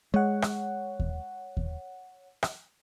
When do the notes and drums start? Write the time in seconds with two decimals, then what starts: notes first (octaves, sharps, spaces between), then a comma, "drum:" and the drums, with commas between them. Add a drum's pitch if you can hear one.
0.14 G#3 C#5 F#5
0.42 drum: rim click
1.00 drum: kick D#2
1.57 drum: kick D#2
2.43 drum: rim click